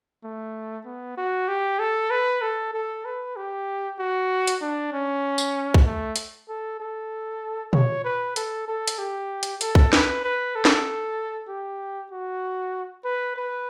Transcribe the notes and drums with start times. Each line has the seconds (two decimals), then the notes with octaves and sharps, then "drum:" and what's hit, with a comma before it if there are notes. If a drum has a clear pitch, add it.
0.24 A3
0.85 B3
1.17 F#4
1.48 G4
1.79 A4
2.11 B4
2.42 A4
2.74 A4
3.05 B4
3.36 G4
3.99 F#4
4.47 drum: hi-hat
4.61 D4
4.93 C#4
5.38 drum: tambourine
5.74 drum: kick
5.85 A3
6.16 drum: hi-hat
6.48 A4
6.80 A4
7.73 C#5, drum: tom A#2
8.04 B4
8.36 A4, drum: hi-hat
8.68 A4
8.88 drum: hi-hat
8.98 G4
9.43 drum: hi-hat
9.61 A4, drum: hi-hat
9.75 drum: kick
9.93 B4, drum: snare
10.24 B4
10.55 A4
10.65 drum: snare
11.48 G4
12.12 F#4
13.04 B4
13.36 B4